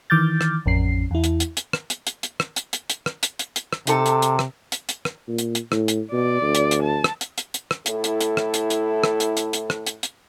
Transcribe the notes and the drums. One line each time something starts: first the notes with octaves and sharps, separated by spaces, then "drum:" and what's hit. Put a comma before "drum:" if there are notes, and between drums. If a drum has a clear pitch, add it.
D#3 E3 D6 F6 G6 A6
drum: rim click
A1 F2 C#4 C7
E2 E4
drum: hi-hat
drum: hi-hat
drum: hi-hat
drum: rim click
drum: hi-hat
drum: hi-hat
drum: hi-hat
drum: rim click
drum: hi-hat
drum: hi-hat
drum: hi-hat
drum: rim click
drum: hi-hat
drum: hi-hat
drum: hi-hat
drum: rim click
C3 D#4 A4, drum: hi-hat
drum: hi-hat
drum: hi-hat
drum: rim click
drum: hi-hat
drum: hi-hat
drum: rim click
A#2
drum: hi-hat
drum: hi-hat
A2, drum: rim click
drum: hi-hat
B2 D5
D2
drum: hi-hat
drum: hi-hat
A5
drum: rim click
drum: hi-hat
drum: hi-hat
drum: hi-hat
drum: rim click
A2 E4 A4, drum: hi-hat
drum: hi-hat
drum: hi-hat
drum: rim click
drum: hi-hat
drum: hi-hat
drum: rim click
drum: hi-hat
drum: hi-hat
drum: hi-hat
drum: rim click
drum: hi-hat
drum: hi-hat